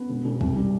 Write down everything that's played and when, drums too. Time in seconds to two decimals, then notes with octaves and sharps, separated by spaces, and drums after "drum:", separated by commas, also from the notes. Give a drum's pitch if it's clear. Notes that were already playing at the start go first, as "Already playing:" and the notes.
Already playing: B3
0.09 E1
0.25 E1
0.41 C2, drum: kick
0.56 G3